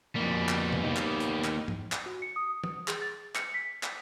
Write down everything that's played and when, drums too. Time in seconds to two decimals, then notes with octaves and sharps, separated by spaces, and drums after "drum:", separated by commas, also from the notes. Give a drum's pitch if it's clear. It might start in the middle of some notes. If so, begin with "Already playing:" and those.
0.16 F2 B2 G3 A#3
0.49 drum: clap
0.73 drum: tom C3
0.83 A#3 D#4
0.96 drum: clap
1.20 drum: hi-hat
1.44 drum: clap
1.68 drum: tom G#2
1.92 drum: clap
2.06 F#4
2.22 C#7
2.36 D#6
2.64 D#6, drum: tom
2.88 G#4, drum: clap
3.01 A6
3.35 C#7, drum: clap
3.54 B6
3.83 drum: clap